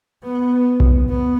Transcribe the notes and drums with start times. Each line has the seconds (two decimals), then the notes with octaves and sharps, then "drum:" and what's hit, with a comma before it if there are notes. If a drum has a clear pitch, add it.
0.23 B3
0.80 drum: kick B1
1.09 B3